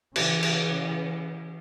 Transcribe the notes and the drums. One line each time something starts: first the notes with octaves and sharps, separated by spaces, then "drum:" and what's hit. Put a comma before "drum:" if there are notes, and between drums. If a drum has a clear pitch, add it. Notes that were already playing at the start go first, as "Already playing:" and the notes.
C#3 E3, drum: cymbal
drum: cymbal